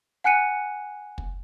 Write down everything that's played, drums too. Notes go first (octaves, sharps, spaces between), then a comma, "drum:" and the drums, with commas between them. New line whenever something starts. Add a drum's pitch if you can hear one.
F#5 G#5 F#6 C#7 D#7
drum: kick